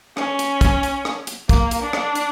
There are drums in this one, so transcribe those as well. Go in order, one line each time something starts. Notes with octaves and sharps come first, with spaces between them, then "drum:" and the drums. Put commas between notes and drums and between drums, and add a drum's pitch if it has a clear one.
C#4, drum: rim click
drum: hi-hat
drum: kick, hi-hat
drum: hi-hat
drum: rim click
drum: hi-hat
A#3, drum: kick, hi-hat
drum: hi-hat
D4
drum: rim click
drum: hi-hat